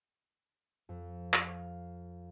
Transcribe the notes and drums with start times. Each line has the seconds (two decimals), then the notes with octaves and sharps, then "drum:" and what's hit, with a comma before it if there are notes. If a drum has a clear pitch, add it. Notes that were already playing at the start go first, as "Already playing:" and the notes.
0.89 F2
1.33 F5, drum: clap